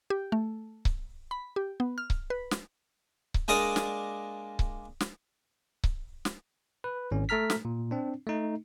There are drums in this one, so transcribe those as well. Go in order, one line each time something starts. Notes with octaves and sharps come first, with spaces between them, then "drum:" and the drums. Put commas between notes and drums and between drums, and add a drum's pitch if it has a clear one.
G4
A3
drum: kick C#1
B5
G4
B3
F6
drum: kick C#1
B4
drum: snare
drum: kick C#1
G#3 A#3 D4 A#4 D5 D#6
drum: snare
drum: kick C#1
drum: snare
drum: kick C#1
drum: snare
B4
G#1 C#4
A3 A4 A#5 F6 B6
drum: snare
A#2
C4 D4
A3 D#4